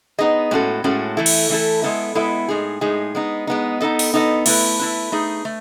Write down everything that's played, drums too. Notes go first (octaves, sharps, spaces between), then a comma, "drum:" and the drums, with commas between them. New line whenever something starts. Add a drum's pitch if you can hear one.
B3 D#4 G#4 D#5
A2 G#3 C#4 F#4 A4
A2 G#3 C#4 F#4 A4
E3 A3 E4 A4
drum: cymbal
E3 A3 E4 A4
G#3 B3 E4 A4 E5
G#3 B3 E4 A4 E5
A2 G#3 D#4 G#4
A2 G#3 D#4 G#4
G#3 B3 D#4
G#3 B3 D#4
B3 D#4 A4 D#5
drum: open hi-hat
B3 D#4 A4 D#5
A3 E4 B4, drum: cymbal
A3 E4 B4
A3 D#4 G#4
A3